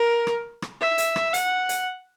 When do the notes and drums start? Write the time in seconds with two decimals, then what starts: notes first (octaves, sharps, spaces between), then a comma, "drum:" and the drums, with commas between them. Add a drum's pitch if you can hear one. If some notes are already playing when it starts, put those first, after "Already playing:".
Already playing: A#4
0.27 drum: rim click
0.62 drum: rim click
0.81 E5
0.98 drum: hi-hat
1.16 drum: rim click
1.34 F#5, drum: hi-hat
1.69 drum: hi-hat